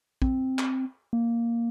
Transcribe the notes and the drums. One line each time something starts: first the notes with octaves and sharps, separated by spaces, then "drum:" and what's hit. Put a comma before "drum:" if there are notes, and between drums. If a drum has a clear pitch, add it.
C4, drum: kick
drum: clap
A#3